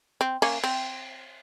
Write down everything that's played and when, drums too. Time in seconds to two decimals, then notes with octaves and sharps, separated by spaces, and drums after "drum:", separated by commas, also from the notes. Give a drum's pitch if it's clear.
0.21 C4
0.42 A#3 C#4, drum: cymbal
0.64 C4, drum: cymbal